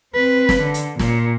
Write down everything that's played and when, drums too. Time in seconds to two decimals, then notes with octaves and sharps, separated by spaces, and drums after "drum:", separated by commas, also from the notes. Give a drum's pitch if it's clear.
0.14 C4 B4
0.49 drum: snare
0.60 D3
0.74 drum: hi-hat
0.99 A#2, drum: snare